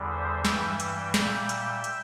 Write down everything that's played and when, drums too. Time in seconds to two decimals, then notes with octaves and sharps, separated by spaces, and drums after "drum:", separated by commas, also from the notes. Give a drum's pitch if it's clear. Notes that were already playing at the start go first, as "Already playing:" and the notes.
Already playing: E2 D3 G3
0.10 C5 E5
0.45 G2 E3 G3 E5 G5, drum: snare
0.80 E5 G5, drum: hi-hat
1.14 A#2 G3 E5 G5, drum: snare
1.49 drum: hi-hat
1.84 drum: hi-hat